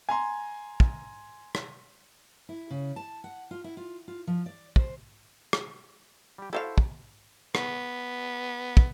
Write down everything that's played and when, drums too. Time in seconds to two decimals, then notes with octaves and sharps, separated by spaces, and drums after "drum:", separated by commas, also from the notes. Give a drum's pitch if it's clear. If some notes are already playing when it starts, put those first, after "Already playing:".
0.09 G#5 A#5 C6
0.80 drum: kick
1.55 drum: rim click
2.49 E4
2.70 C#3
2.96 A5
3.24 F#5
3.51 F4
3.64 E4
3.77 F4
4.08 F4
4.27 F3
4.46 D5
4.76 C5, drum: kick
5.53 drum: rim click
6.38 G3 G4
6.53 E4 F#4 A4 C5 E5 F5
6.78 drum: kick
7.55 B3, drum: rim click
8.77 drum: kick